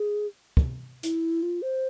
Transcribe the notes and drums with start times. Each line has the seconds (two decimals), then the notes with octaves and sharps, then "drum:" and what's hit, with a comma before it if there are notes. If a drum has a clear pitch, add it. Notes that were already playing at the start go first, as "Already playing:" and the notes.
Already playing: G#4
0.57 drum: kick
1.03 E4, drum: hi-hat
1.43 F4
1.62 C5